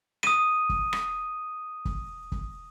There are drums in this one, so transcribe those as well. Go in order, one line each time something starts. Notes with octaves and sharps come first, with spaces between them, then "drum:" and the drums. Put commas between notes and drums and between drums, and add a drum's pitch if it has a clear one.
D#6 D#7, drum: rim click
drum: kick
drum: rim click
drum: kick
drum: kick